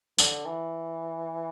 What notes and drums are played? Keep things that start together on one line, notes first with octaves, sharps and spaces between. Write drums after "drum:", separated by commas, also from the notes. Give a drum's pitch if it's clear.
D3, drum: tambourine
E3